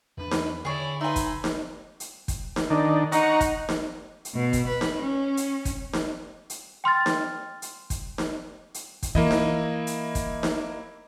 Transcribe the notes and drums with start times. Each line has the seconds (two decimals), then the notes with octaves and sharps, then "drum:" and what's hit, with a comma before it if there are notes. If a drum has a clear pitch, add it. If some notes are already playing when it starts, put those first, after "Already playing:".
0.17 E2 E3 D4 B4
0.31 drum: snare D#4
0.65 D3 E4 G#4 C#5 D5
1.01 D#4 B4 E5 G#5 C6
1.16 drum: kick, hi-hat
1.44 drum: snare D#4
2.00 drum: hi-hat
2.28 drum: kick, hi-hat
2.56 drum: snare D#4
2.70 D#3 D4
3.12 D#4 F#5 A#5 C#6, drum: hi-hat
3.40 drum: kick, hi-hat
3.69 drum: snare D#4
4.25 drum: hi-hat
4.35 B2
4.53 drum: kick, hi-hat
4.67 B4
4.81 drum: snare D#4
4.97 C#4
5.37 drum: hi-hat
5.65 drum: kick, hi-hat
5.93 drum: snare D#4
6.50 drum: hi-hat
6.84 G5 C6 F6 A6
7.06 drum: snare D#4
7.62 drum: hi-hat
7.90 drum: kick, hi-hat
8.18 drum: snare D#4
8.74 drum: hi-hat
9.03 drum: kick, hi-hat
9.15 E3 A#3 E4 D#5
9.31 drum: snare D#4
9.87 drum: hi-hat
10.15 drum: kick, hi-hat
10.43 drum: snare D#4